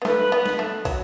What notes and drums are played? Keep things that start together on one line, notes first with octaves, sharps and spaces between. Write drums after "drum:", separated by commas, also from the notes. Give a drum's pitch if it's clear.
B3
A3 B4, drum: snare
B3
drum: snare
A3
F#3, drum: kick, open hi-hat